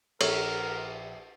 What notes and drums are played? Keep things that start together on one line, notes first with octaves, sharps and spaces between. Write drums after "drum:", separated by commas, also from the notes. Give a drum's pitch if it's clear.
A#1 A4 A#4 C#5, drum: cymbal